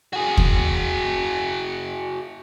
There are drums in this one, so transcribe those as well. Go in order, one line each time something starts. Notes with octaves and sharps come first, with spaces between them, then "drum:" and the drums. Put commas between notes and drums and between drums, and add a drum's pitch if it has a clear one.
F#4 G#4
drum: kick